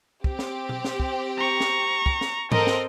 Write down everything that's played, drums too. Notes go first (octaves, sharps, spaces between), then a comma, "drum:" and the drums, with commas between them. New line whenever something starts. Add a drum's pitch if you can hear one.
C4 G4, drum: kick
drum: snare
drum: tom B2
drum: snare
drum: kick
A#5 C#6
drum: snare
drum: kick
drum: snare
C4 A4 A#4 D#5, drum: tom G#2
drum: snare